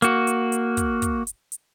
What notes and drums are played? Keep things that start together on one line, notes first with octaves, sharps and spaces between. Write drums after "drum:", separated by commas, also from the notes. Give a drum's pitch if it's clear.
A#3 F#4, drum: hi-hat
drum: hi-hat
drum: hi-hat
drum: kick, hi-hat
drum: kick, hi-hat
drum: hi-hat
drum: hi-hat